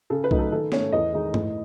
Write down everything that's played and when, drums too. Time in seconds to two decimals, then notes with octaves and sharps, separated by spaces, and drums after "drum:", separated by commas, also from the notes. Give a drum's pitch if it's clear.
0.10 C#3 A4
0.24 B4
0.31 F#3 A3 D#4, drum: kick B1
0.39 A4
0.52 D#3 A4
0.72 A3 C#4 C#5, drum: snare
0.92 E2 D#5
1.13 D#3 G#3 D#4
1.34 A2, drum: tom G2